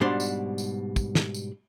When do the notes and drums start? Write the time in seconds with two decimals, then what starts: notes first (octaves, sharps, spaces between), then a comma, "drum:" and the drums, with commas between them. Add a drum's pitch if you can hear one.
0.01 G#2 B2 G3 D4 C5 C6
0.20 drum: tambourine
0.58 drum: tambourine
0.96 drum: kick, tambourine
1.15 drum: snare
1.34 drum: tambourine